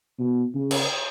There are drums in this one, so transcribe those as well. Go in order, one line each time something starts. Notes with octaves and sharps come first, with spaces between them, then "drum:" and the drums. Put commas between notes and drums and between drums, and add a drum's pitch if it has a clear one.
B2
C#3
drum: cymbal